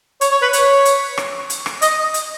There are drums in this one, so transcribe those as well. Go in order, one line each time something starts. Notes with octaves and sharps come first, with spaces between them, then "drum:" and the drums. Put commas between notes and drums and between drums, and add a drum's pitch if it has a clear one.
C#5, drum: hi-hat
C#5
B4
C#5, drum: hi-hat
drum: hi-hat
drum: rim click
drum: hi-hat
drum: rim click
D#5, drum: hi-hat
drum: hi-hat